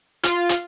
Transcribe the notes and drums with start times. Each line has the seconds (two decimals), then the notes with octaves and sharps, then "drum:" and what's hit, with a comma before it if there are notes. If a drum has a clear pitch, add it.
0.23 F4, drum: hi-hat
0.49 drum: hi-hat